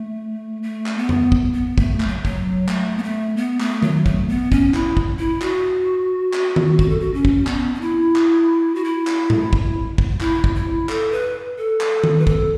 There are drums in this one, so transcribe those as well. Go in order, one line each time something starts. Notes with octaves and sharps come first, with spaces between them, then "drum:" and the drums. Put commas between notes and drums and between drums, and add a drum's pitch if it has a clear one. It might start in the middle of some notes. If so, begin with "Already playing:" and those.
Already playing: A3
A3
drum: clap
B3
drum: tom F2
drum: kick
B3
A3, drum: kick
A3, drum: clap
F#3
F#3, drum: kick
A3, drum: clap
B3
A3
B3
A3, drum: clap
F#3, drum: tom D#3
A3, drum: kick
B3
C#4, drum: kick
E4, drum: clap
drum: kick
E4
F#4, drum: clap
drum: clap
drum: tom D#3
F#4, drum: kick
A4
F#4
C#4
drum: kick
B3, drum: clap
C#4
E4
drum: clap
F#4
E4
drum: clap
drum: tom A2
drum: kick
drum: kick
E4, drum: clap
drum: kick
E4
A4, drum: clap
B4
A4
drum: clap
drum: tom D#3
B4
A4, drum: kick